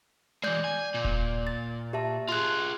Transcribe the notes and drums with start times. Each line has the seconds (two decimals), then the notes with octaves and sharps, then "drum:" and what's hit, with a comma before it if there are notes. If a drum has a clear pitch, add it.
0.43 E3 G#3 D5 G6
0.64 G#5
0.94 A#2
1.04 drum: kick D#1
1.47 A6
1.93 G4 E5 A5
2.29 F4 G#4 C6 F#6